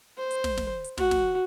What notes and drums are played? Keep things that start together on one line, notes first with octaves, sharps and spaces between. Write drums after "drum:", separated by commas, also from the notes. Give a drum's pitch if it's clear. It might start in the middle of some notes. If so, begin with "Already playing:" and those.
C5
drum: hi-hat
drum: snare
drum: snare
drum: hi-hat
F#4, drum: snare
drum: snare